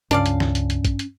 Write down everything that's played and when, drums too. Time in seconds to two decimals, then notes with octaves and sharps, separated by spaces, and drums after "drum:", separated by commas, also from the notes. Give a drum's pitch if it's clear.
0.11 C#2 G2 C#4 D4 D5 F5, drum: hi-hat
0.26 drum: hi-hat
0.40 drum: snare
0.55 drum: hi-hat
0.70 drum: hi-hat
0.85 drum: kick, hi-hat
0.99 drum: hi-hat